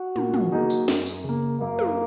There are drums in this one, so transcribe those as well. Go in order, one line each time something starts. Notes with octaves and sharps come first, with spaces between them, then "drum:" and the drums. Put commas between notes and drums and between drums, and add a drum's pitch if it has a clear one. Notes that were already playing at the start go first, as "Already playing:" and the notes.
Already playing: F#4
A#2, drum: tom
drum: tom
F#3 A#3 D#4 G#4
drum: tambourine
F#2, drum: snare
drum: tambourine
C#3 A#3
F#2 A#3
drum: tom